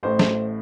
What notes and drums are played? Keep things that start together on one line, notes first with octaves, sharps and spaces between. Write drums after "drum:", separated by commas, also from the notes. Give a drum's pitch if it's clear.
A1 A2 A3 C5
drum: snare